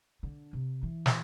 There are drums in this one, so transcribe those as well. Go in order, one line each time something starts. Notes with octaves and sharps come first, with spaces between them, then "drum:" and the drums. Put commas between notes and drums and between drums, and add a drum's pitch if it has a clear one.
D3
C3
E3
drum: snare